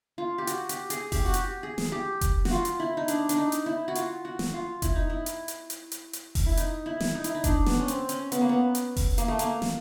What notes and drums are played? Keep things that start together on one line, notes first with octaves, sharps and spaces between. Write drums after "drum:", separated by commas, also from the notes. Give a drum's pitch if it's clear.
F4
G4
F#4, drum: hi-hat
G4, drum: hi-hat
G#4, drum: hi-hat
G4, drum: kick F1, open hi-hat
F#4
G4, drum: hi-hat
G#4
drum: snare
G4
drum: kick F1, hi-hat
F#4, drum: snare
F4
drum: hi-hat
E4
D#4
D4, drum: hi-hat
D4, drum: hi-hat
D#4
drum: hi-hat
E4
F#4
F4, drum: hi-hat
F#4
drum: snare
F4
E4, drum: kick F1, hi-hat
D#4
E4
drum: hi-hat
drum: hi-hat
drum: hi-hat
drum: hi-hat
drum: hi-hat
drum: kick F1, open hi-hat
E4
D#4, drum: hi-hat
E4
drum: snare
D#4
E4, drum: hi-hat
D#4
D4, drum: kick F1, hi-hat
B3, drum: snare
C#4
C4, drum: hi-hat
C#4, drum: hi-hat
B3, drum: hi-hat
A#3
B3
drum: hi-hat
drum: kick F1, open hi-hat
A#3, drum: hi-hat
A3
A#3, drum: hi-hat
drum: snare